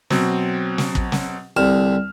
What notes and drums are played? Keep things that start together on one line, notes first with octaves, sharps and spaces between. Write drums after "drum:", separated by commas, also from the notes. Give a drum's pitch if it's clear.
B2 F#3 C4, drum: snare
drum: snare
drum: kick
drum: snare
C2 D3 F6 E7